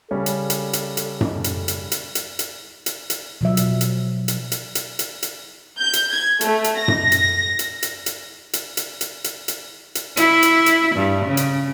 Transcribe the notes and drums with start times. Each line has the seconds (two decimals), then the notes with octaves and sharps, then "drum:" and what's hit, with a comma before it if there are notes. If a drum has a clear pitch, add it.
0.11 C#3 G3 C#4 A4
0.26 drum: hi-hat
0.50 drum: hi-hat
0.73 drum: hi-hat
0.97 drum: hi-hat
1.21 drum: tom F#2
1.44 drum: hi-hat
1.68 drum: hi-hat
1.92 drum: hi-hat
2.15 drum: hi-hat
2.39 drum: hi-hat
2.86 drum: hi-hat
3.10 drum: hi-hat
3.41 B2 F3 F#3 E5
3.57 drum: hi-hat
3.81 drum: hi-hat
4.28 drum: hi-hat
4.52 drum: hi-hat
4.75 drum: hi-hat
4.99 drum: hi-hat
5.22 drum: hi-hat
5.79 G6
5.93 drum: hi-hat
6.10 G#6
6.41 A3, drum: hi-hat
6.64 drum: hi-hat
6.77 A#6
6.88 drum: tom F#2
7.12 drum: hi-hat
7.59 drum: hi-hat
7.83 drum: hi-hat
8.06 drum: hi-hat
8.53 drum: hi-hat
8.77 drum: hi-hat
9.01 drum: hi-hat
9.24 drum: hi-hat
9.48 drum: hi-hat
9.95 drum: hi-hat
10.17 E4, drum: hi-hat
10.43 drum: hi-hat
10.66 drum: hi-hat
10.96 G2
11.26 C#3
11.37 drum: hi-hat